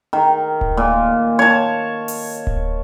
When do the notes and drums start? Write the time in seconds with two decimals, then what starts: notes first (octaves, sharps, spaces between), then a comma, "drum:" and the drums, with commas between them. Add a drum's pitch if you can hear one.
0.13 D#3
0.61 drum: kick D1
0.77 A#2
1.39 C#5 A5
2.08 drum: open hi-hat
2.47 drum: kick D1